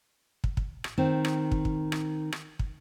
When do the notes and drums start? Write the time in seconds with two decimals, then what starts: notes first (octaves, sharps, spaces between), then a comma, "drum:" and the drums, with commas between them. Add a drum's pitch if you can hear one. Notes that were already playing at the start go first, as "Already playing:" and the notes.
0.44 drum: kick
0.57 drum: kick
0.84 drum: rim click
0.98 D#3 C4
1.25 drum: rim click
1.52 drum: kick
1.65 drum: kick
1.92 drum: rim click
2.32 drum: rim click
2.59 drum: kick